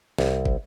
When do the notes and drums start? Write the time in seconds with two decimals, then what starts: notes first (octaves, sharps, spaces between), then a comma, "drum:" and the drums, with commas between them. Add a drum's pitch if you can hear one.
0.18 C2, drum: snare
0.45 drum: kick